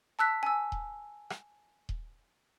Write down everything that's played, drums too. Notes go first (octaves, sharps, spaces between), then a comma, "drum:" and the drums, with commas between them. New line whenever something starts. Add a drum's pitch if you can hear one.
A5 E6 F#6 B6
G#5 E6
drum: kick D#1
drum: rim click
drum: kick D#1